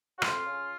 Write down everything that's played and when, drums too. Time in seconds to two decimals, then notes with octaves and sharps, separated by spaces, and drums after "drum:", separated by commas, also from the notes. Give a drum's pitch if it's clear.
0.18 F#4
0.22 F2 F4, drum: rim click
0.46 C#3